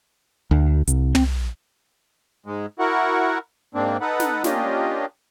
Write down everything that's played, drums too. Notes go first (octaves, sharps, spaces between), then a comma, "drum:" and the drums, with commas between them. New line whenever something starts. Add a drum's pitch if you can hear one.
D2
C2, drum: hi-hat
C4, drum: tom
G#2 G#3
E4 F#4 A#4 F#5 C#6
G#2 A#3 C4 D4
D#4 A4 B4 F#5
drum: snare
A#3 C#4 D4 F4 G4 D#5, drum: snare